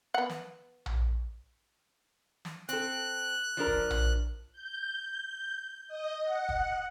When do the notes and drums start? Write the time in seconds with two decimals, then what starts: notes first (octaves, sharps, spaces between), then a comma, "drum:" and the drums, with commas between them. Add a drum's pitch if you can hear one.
0.14 B3 F#5
0.29 drum: snare
0.86 drum: tom A#1
2.45 drum: snare
2.69 C4 A4 F#6, drum: hi-hat
3.57 F3 D4 A#4
3.67 drum: kick
3.90 drum: tom A#1
4.53 G6
5.88 D#5
6.24 F#5
6.49 drum: kick